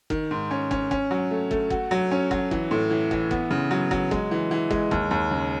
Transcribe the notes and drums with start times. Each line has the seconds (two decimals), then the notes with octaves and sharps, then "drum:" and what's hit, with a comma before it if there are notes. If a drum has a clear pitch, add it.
0.10 D#3, drum: kick
0.31 G#2
0.51 C#4
0.71 C#4, drum: kick
0.91 C#4, drum: kick
1.11 F#3
1.31 A3
1.51 A3, drum: kick
1.70 F#4, drum: kick
1.91 F#3
2.11 C#4
2.31 F#3, drum: kick
2.51 E3, drum: kick
2.71 A2
2.90 E3
3.11 E3, drum: kick
3.31 B3, drum: kick
3.51 C#3
3.71 F#3
3.91 F#3, drum: kick
4.11 G#3, drum: kick
4.31 E3
4.51 E3
4.71 G#3, drum: kick
4.91 D#2, drum: kick
5.11 D#2
5.31 C#3